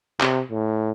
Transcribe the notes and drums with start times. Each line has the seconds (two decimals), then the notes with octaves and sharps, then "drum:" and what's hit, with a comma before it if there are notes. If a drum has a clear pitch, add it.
0.20 C3, drum: clap
0.51 A2